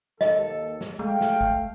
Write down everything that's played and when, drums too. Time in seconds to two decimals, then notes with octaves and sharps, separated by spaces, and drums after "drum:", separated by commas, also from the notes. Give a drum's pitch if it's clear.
0.21 D#2 A4 D#5, drum: snare
0.81 drum: snare
0.99 G#3 A3 F5 G5
1.21 drum: snare
1.41 drum: kick